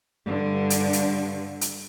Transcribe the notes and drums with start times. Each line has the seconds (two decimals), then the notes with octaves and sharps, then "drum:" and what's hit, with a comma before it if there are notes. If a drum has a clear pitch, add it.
0.25 G2 D3
0.70 drum: hi-hat
0.93 drum: hi-hat
1.61 drum: hi-hat